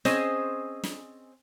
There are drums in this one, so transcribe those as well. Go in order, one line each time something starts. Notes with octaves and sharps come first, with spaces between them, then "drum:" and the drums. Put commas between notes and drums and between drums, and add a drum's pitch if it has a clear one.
C4 C#4 G#4 C5 D#5, drum: snare
drum: snare